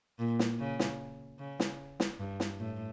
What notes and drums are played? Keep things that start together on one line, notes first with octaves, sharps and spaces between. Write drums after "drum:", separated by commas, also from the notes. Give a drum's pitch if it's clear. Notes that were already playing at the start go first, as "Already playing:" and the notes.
A#2
drum: snare
C#3
drum: snare
C#3
drum: snare
drum: snare
G2
drum: snare
A2